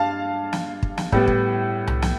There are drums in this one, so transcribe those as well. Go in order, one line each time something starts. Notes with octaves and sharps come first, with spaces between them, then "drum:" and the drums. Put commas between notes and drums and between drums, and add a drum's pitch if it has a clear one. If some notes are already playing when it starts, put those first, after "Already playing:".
Already playing: G2 F5 A5
drum: snare
drum: kick
drum: snare
A2 G3 B3, drum: kick
drum: kick
drum: tom C2
drum: snare